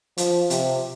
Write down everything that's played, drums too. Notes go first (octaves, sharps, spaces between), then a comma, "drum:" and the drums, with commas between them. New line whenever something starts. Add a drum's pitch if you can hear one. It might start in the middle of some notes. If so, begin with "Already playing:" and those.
F3, drum: hi-hat
C3, drum: hi-hat